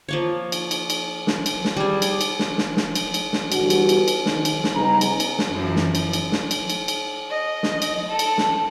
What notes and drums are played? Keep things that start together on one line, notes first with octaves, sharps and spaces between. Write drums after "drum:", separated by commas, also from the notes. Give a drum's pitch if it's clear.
F3 A#3 C#5
drum: cymbal
drum: cymbal
drum: cymbal
drum: snare
drum: cymbal
drum: snare
G3 G#4
drum: cymbal
drum: cymbal
drum: snare
drum: snare
drum: snare
drum: cymbal
drum: cymbal
drum: snare
G1 G2 E3 F#4, drum: cymbal
drum: cymbal
drum: cymbal
drum: cymbal
D#3, drum: snare
drum: cymbal
drum: snare
C#3 G3 B3 D#4 G#4 A#5
drum: cymbal
drum: cymbal
drum: snare
F#2 E3 F3
drum: snare
drum: cymbal
drum: cymbal
drum: snare
drum: cymbal
drum: cymbal
drum: cymbal
D#5
drum: snare
drum: cymbal
A4
drum: cymbal
drum: snare